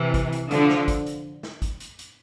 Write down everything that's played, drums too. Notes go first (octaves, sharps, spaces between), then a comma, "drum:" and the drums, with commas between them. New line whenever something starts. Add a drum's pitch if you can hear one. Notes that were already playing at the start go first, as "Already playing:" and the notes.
Already playing: C3 E3
drum: kick, hi-hat
drum: hi-hat
D3 F3, drum: hi-hat
drum: snare
drum: kick, hi-hat
drum: hi-hat
drum: snare
drum: kick, hi-hat
drum: hi-hat
drum: hi-hat